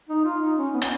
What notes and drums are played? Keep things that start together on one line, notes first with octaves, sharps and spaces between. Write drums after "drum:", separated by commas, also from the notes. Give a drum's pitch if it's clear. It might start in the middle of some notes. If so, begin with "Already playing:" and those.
D#4
F4
D#4
C#4
B3
C#4, drum: hi-hat